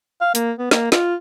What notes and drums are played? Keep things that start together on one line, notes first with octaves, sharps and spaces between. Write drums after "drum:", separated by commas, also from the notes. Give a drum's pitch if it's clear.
F5
A#3, drum: hi-hat
B3
A#3, drum: snare
F4, drum: snare